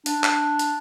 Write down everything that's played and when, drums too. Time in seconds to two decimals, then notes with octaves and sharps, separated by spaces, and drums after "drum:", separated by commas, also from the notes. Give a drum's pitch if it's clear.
0.06 D4, drum: hi-hat
0.24 drum: clap
0.59 drum: hi-hat